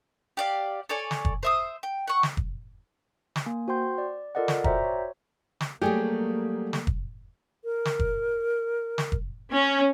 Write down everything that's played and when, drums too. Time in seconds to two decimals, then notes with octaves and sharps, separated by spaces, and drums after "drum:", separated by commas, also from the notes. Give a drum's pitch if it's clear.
0.37 G4 D5 F5
0.89 A4 C#5 D5 G#5
1.11 drum: snare
1.25 drum: kick
1.43 C5 E5 D#6
1.83 G5
2.07 F#5 C#6
2.23 drum: snare
2.37 drum: kick
3.36 drum: snare
3.46 A#3 G#5
3.68 F#4 C5 G5 C6 G6
3.98 D5
4.35 F4 A4 A#4 D5 D#5 F#5
4.48 drum: snare
4.64 F#4 C5 D5 E5 G5 A#5, drum: kick
4.84 C#5
5.60 drum: snare
5.81 F#3 G3 A3 A#3 G4 G#4
6.73 drum: snare
6.87 drum: kick
7.64 A#4
7.85 drum: snare
7.99 drum: kick
8.98 drum: snare
9.12 drum: kick
9.54 C#4